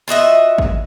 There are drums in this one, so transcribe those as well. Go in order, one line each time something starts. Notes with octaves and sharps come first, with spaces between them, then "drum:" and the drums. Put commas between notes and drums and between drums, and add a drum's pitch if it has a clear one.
F4 F#4 D#5 E5
drum: kick G#1